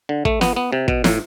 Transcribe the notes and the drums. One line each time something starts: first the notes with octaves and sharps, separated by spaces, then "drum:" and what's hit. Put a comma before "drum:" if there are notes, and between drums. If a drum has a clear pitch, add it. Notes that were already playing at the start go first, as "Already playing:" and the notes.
D3
A3, drum: kick
B3, drum: snare
B3
C3
B2, drum: kick
A2, drum: snare